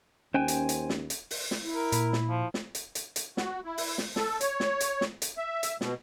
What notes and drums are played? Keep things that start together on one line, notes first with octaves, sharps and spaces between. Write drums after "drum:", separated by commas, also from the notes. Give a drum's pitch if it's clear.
D#2 C#4 C5 G5 G#5
drum: hi-hat
drum: hi-hat
drum: snare
drum: hi-hat
drum: open hi-hat
drum: snare
E4
A#4
A#2 B5, drum: hi-hat
drum: snare
F3
drum: snare
drum: hi-hat
drum: hi-hat
drum: hi-hat
F#4, drum: snare
E4
drum: open hi-hat
drum: snare
A4, drum: snare
C#5, drum: hi-hat
drum: snare
drum: hi-hat
drum: snare
drum: hi-hat
E5
drum: hi-hat
B2, drum: snare